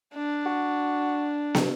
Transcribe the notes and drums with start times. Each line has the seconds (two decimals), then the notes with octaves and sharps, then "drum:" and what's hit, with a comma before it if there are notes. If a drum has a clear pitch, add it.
0.15 D4
0.46 F#4
1.55 drum: snare